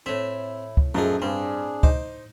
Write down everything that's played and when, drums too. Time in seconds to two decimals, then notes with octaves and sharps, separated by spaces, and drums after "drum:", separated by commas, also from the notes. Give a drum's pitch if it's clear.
0.06 A2 C4 E4 E5
0.77 drum: kick
0.95 F#2 A#2 F3 A3 D#4 G#4 A4
1.22 G2 C4 D4 G#4
1.83 D#4 C5 D6, drum: kick